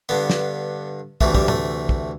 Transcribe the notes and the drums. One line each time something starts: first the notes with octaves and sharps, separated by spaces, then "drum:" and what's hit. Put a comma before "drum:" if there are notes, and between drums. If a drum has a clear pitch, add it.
G2 D3 B3
drum: snare
D2 C3 E3 A3, drum: kick
G3, drum: kick
A3, drum: tom
drum: kick